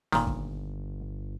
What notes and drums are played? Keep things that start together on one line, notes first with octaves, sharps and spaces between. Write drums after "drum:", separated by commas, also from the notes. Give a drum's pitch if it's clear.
G1 A#2 D#3, drum: snare
drum: kick